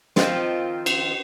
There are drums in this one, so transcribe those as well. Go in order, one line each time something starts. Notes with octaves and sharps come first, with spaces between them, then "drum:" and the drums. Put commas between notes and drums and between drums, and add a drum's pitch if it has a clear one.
D#3 F3 C4 F4, drum: snare
drum: cymbal